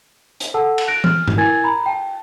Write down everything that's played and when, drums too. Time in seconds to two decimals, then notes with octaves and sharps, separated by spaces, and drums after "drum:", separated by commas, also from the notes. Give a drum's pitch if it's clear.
0.40 drum: hi-hat
0.54 A4 F#5 A5 E6
0.78 drum: cymbal
0.88 F#6 A#6 D7
1.04 F6, drum: tom E3
1.28 drum: tom G2
1.37 E4 A#4 G#5 G#6 A6
1.64 A#5 B5
1.86 G5 A5